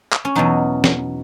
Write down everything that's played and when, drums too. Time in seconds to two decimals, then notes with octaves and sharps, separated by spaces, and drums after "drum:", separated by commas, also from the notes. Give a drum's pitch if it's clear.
0.13 drum: clap
0.25 C#4
0.35 E2 B2 F#3 D#4
0.84 drum: snare